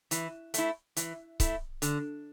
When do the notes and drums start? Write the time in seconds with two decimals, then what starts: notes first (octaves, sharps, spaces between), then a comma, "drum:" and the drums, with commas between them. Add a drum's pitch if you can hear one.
0.11 E3, drum: hi-hat
0.54 A3 E4, drum: hi-hat
0.97 E3, drum: hi-hat
1.40 A3 E4, drum: kick C#1, hi-hat
1.82 D3, drum: hi-hat